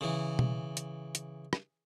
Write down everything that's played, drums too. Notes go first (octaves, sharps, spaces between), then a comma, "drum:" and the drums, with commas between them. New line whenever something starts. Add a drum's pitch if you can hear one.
C#3 E3
drum: tom B2
drum: hi-hat
drum: hi-hat
drum: rim click